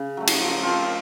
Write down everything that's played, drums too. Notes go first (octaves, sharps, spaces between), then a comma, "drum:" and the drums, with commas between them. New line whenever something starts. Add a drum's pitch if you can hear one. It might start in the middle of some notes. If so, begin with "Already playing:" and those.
Already playing: C#3
F#3 A3
drum: cymbal
F3
C4 F4 A#4